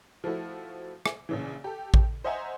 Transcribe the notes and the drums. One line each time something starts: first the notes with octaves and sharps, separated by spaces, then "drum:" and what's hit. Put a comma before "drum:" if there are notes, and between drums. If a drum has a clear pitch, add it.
F3 A3 E4 F#4
drum: rim click
A#1 C#3 E3
G4 A4
drum: kick A1
C5 D#5 E5 F#5 G#5 A#5